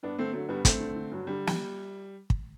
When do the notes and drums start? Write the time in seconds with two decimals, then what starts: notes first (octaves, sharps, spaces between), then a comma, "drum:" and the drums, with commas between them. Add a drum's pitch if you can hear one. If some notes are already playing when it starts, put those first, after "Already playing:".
0.03 G2 B3 D4
0.18 D3 A3 C4
0.33 D3 F#3 A3
0.49 G2 G3 B3
0.65 G2 A3 C4, drum: kick, hi-hat
0.80 D3
0.96 D3
1.12 G2 F#3
1.27 D3 G3
1.47 drum: snare
2.30 drum: kick